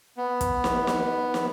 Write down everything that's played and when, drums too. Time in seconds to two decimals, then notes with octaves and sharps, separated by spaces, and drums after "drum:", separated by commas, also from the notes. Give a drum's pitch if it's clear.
0.17 B3
0.41 drum: kick, hi-hat
0.64 drum: snare
0.87 drum: snare
1.34 drum: snare